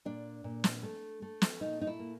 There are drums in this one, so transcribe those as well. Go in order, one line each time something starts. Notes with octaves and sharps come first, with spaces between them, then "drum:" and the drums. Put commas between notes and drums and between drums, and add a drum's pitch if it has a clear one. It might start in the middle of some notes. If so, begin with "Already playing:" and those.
A#2 D4
A#2
drum: snare
A3
A3
drum: snare
A#2 D#4
D#4
E4
A#3